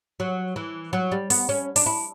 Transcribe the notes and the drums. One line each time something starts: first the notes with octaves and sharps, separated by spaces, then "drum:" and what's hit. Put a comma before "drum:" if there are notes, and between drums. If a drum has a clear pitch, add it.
F#3
E3
F#3
G3
B3, drum: open hi-hat
C#4
D4, drum: open hi-hat
E4